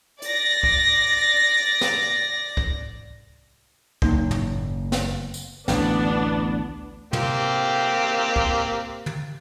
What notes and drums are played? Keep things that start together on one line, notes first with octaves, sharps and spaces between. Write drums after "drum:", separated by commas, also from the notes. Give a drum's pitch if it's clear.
D5 A#6, drum: hi-hat
drum: kick
drum: snare
drum: kick
F#1 A#3 D#4, drum: kick
drum: tom
drum: snare
drum: tambourine
A1 D2 B3 D4, drum: snare
A#3 C4 G4, drum: tom
drum: kick
drum: tom